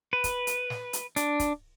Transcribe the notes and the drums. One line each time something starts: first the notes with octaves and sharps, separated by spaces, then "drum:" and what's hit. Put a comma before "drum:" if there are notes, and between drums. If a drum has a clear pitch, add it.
B4
drum: kick, hi-hat
drum: hi-hat
drum: snare
drum: hi-hat
D4, drum: hi-hat
drum: kick, hi-hat